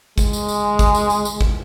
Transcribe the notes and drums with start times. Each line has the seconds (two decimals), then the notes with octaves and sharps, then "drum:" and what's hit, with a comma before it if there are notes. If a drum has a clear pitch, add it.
0.18 G#3, drum: kick, tambourine
0.33 drum: tambourine
0.49 drum: tambourine
0.79 drum: kick, tambourine
0.95 drum: tambourine
1.10 drum: tambourine
1.25 drum: tambourine
1.41 drum: kick